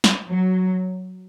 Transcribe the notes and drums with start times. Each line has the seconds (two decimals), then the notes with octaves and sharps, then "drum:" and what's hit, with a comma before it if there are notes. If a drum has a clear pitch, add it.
0.04 drum: snare
0.26 F#3